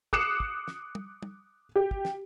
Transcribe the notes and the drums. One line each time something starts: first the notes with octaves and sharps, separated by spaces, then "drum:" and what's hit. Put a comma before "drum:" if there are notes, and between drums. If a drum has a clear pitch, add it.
D6 D#6 F#6 C7 C#7 E7, drum: kick
drum: kick
drum: snare
drum: tom
drum: tom
G4
drum: kick
drum: snare